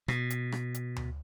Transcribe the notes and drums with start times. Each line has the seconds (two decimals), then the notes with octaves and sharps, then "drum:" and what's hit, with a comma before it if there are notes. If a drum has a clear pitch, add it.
0.08 B2, drum: rim click
0.30 drum: hi-hat
0.52 drum: rim click
0.74 drum: hi-hat
0.96 drum: tom D2